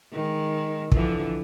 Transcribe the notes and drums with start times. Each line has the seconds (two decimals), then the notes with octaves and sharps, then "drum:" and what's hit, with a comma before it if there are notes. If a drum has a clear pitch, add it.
0.13 D#3 G#3
0.92 D3 E3 F3, drum: kick